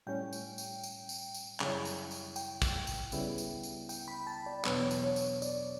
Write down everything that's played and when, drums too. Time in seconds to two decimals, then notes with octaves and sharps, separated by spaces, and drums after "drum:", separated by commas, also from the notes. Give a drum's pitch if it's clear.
0.07 A2 G3 C#4 G5
0.33 drum: tambourine
0.58 drum: tambourine
0.83 drum: tambourine
1.09 drum: tambourine
1.34 drum: tambourine
1.60 F#2 C#3 G3 C#4 E4, drum: clap
1.85 drum: tambourine
2.11 drum: tambourine
2.36 G5, drum: tambourine
2.62 drum: kick, tambourine
2.87 drum: tambourine
3.12 C#2 C#3 G3 B3 E4, drum: tambourine
3.38 drum: tambourine
3.63 drum: tambourine
3.89 G5, drum: tambourine
4.08 B5
4.27 A5
4.46 D5
4.65 E2 B2 F#3 B3 D4 C#5, drum: clap
4.91 drum: tambourine
5.04 C#5
5.16 drum: tambourine
5.42 D5, drum: tambourine